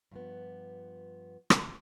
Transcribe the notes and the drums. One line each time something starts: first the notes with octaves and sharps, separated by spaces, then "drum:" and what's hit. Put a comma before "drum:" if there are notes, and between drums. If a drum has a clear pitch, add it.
G2 F3 B3
drum: rim click